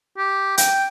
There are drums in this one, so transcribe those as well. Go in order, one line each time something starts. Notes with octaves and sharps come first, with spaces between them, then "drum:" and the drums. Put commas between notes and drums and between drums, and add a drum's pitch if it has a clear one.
G4
G5, drum: hi-hat